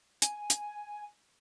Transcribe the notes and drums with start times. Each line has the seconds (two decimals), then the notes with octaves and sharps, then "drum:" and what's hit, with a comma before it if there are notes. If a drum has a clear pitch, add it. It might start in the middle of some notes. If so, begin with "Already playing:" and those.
0.22 G#5, drum: hi-hat
0.50 drum: hi-hat